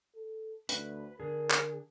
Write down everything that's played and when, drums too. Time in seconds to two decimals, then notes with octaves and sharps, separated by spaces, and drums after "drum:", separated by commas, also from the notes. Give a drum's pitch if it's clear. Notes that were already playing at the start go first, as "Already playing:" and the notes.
0.16 A4
0.69 D2 B4, drum: hi-hat
1.20 D3 D4 G#4 A#4
1.51 drum: clap